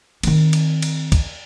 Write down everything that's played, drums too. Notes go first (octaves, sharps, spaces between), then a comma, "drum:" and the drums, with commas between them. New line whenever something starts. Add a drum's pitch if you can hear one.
D#3 C4, drum: cymbal
drum: cymbal
drum: cymbal
drum: kick, cymbal